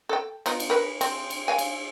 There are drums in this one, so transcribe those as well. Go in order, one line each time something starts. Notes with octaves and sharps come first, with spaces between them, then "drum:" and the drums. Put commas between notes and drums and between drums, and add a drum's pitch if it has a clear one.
A4 G5
B3 D#4 F4, drum: cymbal
drum: cymbal
A#4 B4
C4, drum: cymbal
drum: cymbal
C#5 F5 G#5
drum: cymbal